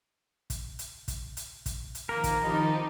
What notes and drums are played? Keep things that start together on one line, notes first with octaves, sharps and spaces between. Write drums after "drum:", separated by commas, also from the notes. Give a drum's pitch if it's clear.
drum: kick, hi-hat
drum: hi-hat
drum: kick, hi-hat
drum: hi-hat
drum: kick, hi-hat
drum: hi-hat
D#3 F3 A#3 A#4
drum: kick, hi-hat
C4 D#4 G4 D#5 A5 B5